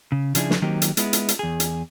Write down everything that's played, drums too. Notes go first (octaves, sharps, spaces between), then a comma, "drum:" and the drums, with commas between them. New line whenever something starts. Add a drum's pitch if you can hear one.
C#3
C#3 F3 D4 E4 G#4, drum: hi-hat
drum: snare
D#3 F#3 A#3 C4 D#4 G4
drum: hi-hat
G#3 B3 E4, drum: hi-hat
drum: hi-hat
drum: hi-hat
E2 G#4
drum: hi-hat